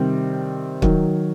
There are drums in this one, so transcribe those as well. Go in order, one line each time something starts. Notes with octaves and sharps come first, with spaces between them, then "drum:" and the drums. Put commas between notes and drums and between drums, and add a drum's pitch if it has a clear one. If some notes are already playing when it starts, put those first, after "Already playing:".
Already playing: C3 D#3 G3 C4
D#3 F#3, drum: kick